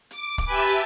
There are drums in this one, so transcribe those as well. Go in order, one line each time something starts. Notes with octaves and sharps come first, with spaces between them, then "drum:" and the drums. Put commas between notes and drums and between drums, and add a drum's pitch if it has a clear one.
D6, drum: hi-hat
drum: kick, hi-hat
G4 B4 E5 G#5 A5 B5
drum: hi-hat